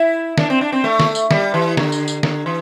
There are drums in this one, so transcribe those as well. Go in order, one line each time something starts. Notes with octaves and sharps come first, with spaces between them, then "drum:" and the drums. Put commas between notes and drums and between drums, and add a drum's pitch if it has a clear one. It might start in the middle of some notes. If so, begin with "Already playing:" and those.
Already playing: E4
D4, drum: snare
C4
D4
C4
A3
drum: snare
drum: tambourine
G3, drum: snare
E3
D3, drum: snare
drum: tambourine
drum: tambourine
D3, drum: snare
E3